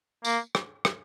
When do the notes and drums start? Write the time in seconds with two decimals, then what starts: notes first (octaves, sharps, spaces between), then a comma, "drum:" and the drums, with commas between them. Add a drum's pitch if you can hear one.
0.25 A#3, drum: tambourine
0.55 drum: rim click
0.85 drum: rim click